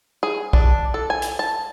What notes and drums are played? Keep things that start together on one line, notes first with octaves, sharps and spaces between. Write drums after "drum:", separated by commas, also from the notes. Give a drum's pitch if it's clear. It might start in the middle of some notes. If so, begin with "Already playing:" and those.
G#4
D4, drum: kick
A4
G#5
drum: hi-hat
A5